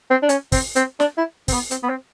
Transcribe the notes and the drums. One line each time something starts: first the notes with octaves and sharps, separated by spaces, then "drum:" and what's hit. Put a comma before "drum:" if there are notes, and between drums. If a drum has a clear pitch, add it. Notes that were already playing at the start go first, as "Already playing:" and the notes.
C4
D4
C#4, drum: hi-hat
C4, drum: kick, open hi-hat
C4, drum: hi-hat
D4, drum: snare
E4
C4, drum: kick, open hi-hat
B3
C4, drum: hi-hat
B3
C4